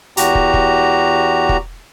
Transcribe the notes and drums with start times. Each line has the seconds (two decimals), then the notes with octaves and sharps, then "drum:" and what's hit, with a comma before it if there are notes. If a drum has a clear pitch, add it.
0.17 E2 F#4 G4 A#5, drum: hi-hat
0.35 drum: kick
0.54 drum: kick
1.49 drum: kick